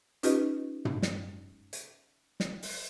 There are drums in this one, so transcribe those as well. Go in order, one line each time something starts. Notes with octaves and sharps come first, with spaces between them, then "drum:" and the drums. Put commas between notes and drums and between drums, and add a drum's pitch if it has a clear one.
C#4 D#4 F4 G4 B4 D#5, drum: hi-hat
drum: tom
drum: snare
drum: hi-hat
drum: snare
drum: open hi-hat